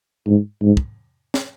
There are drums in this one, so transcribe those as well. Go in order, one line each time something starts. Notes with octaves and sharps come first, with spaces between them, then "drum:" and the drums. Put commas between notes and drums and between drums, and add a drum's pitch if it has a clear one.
G#2
G#2
drum: kick
drum: snare